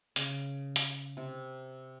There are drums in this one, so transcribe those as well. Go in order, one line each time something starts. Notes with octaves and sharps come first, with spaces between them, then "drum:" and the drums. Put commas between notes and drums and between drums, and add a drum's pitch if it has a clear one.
C#3, drum: hi-hat
drum: hi-hat
C3